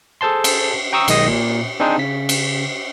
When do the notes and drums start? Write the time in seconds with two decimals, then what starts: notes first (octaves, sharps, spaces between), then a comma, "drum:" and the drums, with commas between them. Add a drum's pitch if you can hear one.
0.21 G#4 A4 C5 A5 C6
0.44 drum: cymbal
0.93 G5 A#5 C#6 D#6 E6
1.08 B1 D#3 G#3 D#5 D#6 A#6, drum: cymbal
1.27 A#2
1.80 C4 D4 D#4 G#4 C5
1.98 C#3 B6
2.29 drum: cymbal